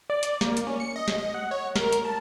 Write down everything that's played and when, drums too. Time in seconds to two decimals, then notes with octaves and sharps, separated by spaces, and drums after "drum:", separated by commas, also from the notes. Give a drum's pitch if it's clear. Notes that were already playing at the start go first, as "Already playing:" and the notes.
0.10 D5
0.23 drum: hi-hat
0.41 A#3, drum: snare
0.57 drum: hi-hat
0.67 C#4
0.80 C#7
0.96 D#5
1.08 drum: snare
1.18 D#5
1.34 F#5
1.51 C#5
1.76 A#4, drum: snare
1.93 drum: hi-hat
2.05 A5